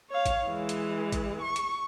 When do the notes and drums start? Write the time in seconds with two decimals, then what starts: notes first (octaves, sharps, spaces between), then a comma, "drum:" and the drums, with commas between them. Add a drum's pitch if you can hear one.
0.10 C#5 F5
0.26 drum: kick A1, hi-hat
0.47 E3 G#3
0.69 drum: hi-hat
1.12 drum: kick A1, hi-hat
1.42 C#6
1.56 drum: hi-hat